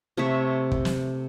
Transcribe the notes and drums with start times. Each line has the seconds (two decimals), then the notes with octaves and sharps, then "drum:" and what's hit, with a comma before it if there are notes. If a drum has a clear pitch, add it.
0.17 C3 A3 C#5 E5
0.72 drum: kick
0.85 drum: snare